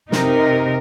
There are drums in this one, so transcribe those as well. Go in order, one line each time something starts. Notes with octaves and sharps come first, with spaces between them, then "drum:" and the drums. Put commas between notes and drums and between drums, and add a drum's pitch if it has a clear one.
C3 D#4 A#4, drum: snare